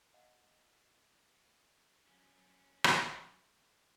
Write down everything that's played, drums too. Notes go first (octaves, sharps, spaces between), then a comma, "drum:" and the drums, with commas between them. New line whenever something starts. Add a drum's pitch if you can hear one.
D#5 F5 F#5 A5 C6
F#3 C#4
drum: rim click